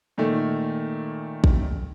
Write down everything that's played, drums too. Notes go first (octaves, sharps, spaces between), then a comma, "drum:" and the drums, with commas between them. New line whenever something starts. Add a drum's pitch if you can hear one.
A#2 D#3 A3
drum: kick A1